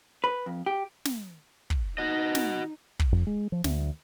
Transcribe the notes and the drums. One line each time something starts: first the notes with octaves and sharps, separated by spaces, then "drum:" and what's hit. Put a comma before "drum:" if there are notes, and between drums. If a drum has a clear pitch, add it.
B4
F2
G4
drum: snare
drum: kick
D#4 F#4 D#5
drum: snare
drum: kick
F2
G#3
F3
D2, drum: snare